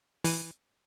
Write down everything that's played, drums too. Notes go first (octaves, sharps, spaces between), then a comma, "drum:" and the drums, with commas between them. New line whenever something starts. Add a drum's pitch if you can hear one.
E3, drum: open hi-hat